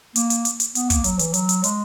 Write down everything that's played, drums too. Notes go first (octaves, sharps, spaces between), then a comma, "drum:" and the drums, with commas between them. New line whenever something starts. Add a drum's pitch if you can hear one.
A#3, drum: hi-hat
drum: hi-hat
drum: hi-hat
drum: hi-hat
B3, drum: hi-hat
A#3, drum: kick, hi-hat
F#3, drum: hi-hat
E3, drum: hi-hat
F#3, drum: hi-hat
drum: hi-hat
G#3, drum: hi-hat